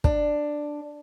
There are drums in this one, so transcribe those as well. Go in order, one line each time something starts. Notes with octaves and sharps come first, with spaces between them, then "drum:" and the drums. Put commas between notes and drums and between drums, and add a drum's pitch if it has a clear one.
D4, drum: kick